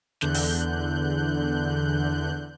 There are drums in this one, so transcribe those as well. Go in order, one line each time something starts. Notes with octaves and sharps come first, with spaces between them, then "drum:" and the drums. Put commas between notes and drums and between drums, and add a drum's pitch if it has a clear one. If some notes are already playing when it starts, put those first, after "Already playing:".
E2 D3 F#6 G6, drum: snare
drum: open hi-hat